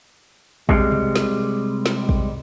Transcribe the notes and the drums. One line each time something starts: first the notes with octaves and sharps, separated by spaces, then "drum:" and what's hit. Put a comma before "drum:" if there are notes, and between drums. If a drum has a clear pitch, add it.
C3 G3 G#3, drum: kick
drum: tom C3
drum: snare
drum: snare
drum: kick